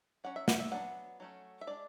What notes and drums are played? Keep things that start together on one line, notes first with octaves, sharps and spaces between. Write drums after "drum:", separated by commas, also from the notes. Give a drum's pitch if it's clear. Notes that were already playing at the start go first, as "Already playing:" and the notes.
F#3 C#4 F#5
E5
F#5, drum: snare
E5
F#3 B3 D4 F#5
F#3 A3 C#4
E5
G#3 D4 D5